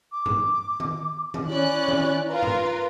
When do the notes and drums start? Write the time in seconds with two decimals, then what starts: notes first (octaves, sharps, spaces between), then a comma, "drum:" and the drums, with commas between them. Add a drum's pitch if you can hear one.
0.12 D6
0.26 drum: tom G2
0.80 drum: tom D#3
1.34 drum: tom D#3
1.48 C#4 E4 D5 F#6
1.88 drum: tom D#3
2.29 F4 A#4 B4
2.42 drum: tom G2